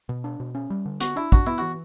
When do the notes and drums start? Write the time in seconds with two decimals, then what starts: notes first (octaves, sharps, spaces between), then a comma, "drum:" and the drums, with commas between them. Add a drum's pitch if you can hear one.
0.09 B2
0.24 D4
0.40 B2
0.55 C#4
0.70 G3
0.85 D3
1.01 B3 F#4, drum: hi-hat
1.16 D4 E4
1.32 D4 F#4, drum: kick
1.47 B3 E4
1.58 E3 F#4